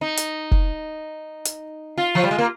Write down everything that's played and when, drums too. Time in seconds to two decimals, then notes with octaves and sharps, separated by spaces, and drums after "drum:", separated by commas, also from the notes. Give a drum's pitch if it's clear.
0.01 D#4
0.17 drum: hi-hat
0.51 drum: kick F1
1.45 drum: hi-hat
1.98 F4
2.15 F3
2.24 G3
2.31 G#3
2.38 A#3